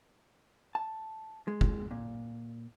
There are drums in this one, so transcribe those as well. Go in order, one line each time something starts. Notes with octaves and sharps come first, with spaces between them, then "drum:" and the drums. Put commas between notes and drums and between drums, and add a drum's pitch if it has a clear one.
A5
G#3
drum: kick
A#2